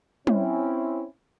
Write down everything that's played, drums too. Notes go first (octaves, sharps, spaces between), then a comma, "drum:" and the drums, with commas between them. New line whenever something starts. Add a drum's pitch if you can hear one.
C4 C#4 E4, drum: tom